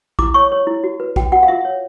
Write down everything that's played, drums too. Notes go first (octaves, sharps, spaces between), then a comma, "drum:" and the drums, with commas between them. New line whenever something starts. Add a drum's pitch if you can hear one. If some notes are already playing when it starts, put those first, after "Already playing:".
E4 D6, drum: kick
C#5 C#6
C#5
E4
F#4
B4
F#4 G5, drum: kick
F#4 F#5
F5
F4 E5
C#5